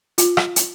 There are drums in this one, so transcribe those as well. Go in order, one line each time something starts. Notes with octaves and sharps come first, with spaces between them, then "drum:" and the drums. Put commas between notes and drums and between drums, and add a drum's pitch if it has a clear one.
F4, drum: hi-hat
drum: rim click
drum: hi-hat